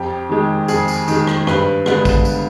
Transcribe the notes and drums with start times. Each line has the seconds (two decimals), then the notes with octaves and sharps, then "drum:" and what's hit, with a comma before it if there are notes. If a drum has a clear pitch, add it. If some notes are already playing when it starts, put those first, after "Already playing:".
Already playing: F2 G4
0.29 D#3 G#3
0.68 F2 G#4, drum: tambourine
0.88 drum: tambourine
1.08 D#3 G#3, drum: tambourine
1.27 drum: rim click
1.47 G2 B4, drum: rim click
1.86 D3 G#3 B3, drum: rim click
2.05 drum: kick, tambourine
2.25 drum: tambourine